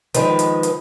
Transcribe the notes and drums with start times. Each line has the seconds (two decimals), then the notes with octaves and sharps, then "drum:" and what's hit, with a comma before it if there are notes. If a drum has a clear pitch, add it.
0.14 D#3 F3 G#3 B4, drum: hi-hat
0.39 drum: hi-hat
0.63 drum: hi-hat